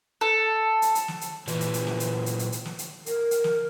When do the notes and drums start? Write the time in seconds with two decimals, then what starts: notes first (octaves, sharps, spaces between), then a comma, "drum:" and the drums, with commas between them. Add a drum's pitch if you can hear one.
0.21 A4
0.82 drum: hi-hat
0.95 drum: hi-hat
1.08 drum: snare
1.21 drum: hi-hat
1.47 A#2 E3, drum: hi-hat
1.61 drum: hi-hat
1.74 drum: hi-hat
1.87 drum: snare
2.00 drum: hi-hat
2.26 drum: hi-hat
2.39 drum: hi-hat
2.52 drum: hi-hat
2.65 drum: snare
2.79 drum: hi-hat
3.06 A#4, drum: hi-hat
3.31 drum: hi-hat
3.44 drum: snare